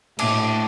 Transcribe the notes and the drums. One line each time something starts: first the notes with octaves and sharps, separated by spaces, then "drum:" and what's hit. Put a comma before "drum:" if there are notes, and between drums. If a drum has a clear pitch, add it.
A2 D4, drum: cymbal